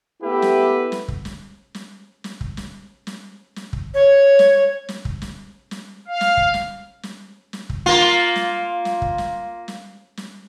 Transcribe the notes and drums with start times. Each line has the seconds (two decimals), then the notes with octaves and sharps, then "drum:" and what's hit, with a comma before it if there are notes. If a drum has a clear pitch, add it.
0.23 A3 B3 E4 G4 B4 E5
0.42 drum: snare
0.92 drum: snare
1.08 drum: kick
1.25 drum: snare
1.75 drum: snare
2.24 drum: snare
2.41 drum: kick
2.57 drum: snare
3.07 drum: snare
3.56 drum: snare
3.73 drum: kick
3.94 C#5
4.39 drum: snare
4.89 drum: snare
5.05 drum: kick
5.22 drum: snare
5.71 drum: snare
6.08 F5
6.21 drum: snare
6.37 drum: kick
6.54 drum: snare
7.03 drum: snare
7.53 drum: snare
7.69 drum: kick
7.86 A#3 F4, drum: snare
8.36 drum: snare
8.85 drum: snare
9.02 drum: kick
9.18 drum: snare
9.68 drum: snare
10.17 drum: snare